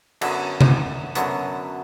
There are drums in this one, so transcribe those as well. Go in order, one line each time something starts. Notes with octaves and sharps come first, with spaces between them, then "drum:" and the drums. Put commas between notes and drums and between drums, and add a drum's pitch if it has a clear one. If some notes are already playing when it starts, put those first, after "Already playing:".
F#2 D3 F#3 B3, drum: cymbal
drum: tom C3
F#2 D3 F#3 B3, drum: hi-hat